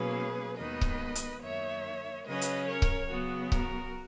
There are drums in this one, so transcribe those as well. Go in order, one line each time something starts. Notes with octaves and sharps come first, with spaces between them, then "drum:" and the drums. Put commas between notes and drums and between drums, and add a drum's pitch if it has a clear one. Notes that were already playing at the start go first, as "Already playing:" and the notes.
Already playing: B2 F#3 A#3 C#4 G#4 B4
D#2 D#3 G#3 B3 B4 D#5
drum: kick C#1
drum: hi-hat
F#2 D#3 A#3 C#5 E5
C#3 F#3 C#4 B4 D#5
drum: hi-hat
A#4 C#5
drum: kick C#1
C#3 F#3 B3 F#4
F#4 A#4, drum: kick C#1